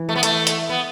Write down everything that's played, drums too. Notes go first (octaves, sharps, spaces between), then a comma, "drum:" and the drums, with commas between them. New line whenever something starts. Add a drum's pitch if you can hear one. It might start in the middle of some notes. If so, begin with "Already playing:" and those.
Already playing: E3
A3
B3
A3, drum: hi-hat
drum: hi-hat
B3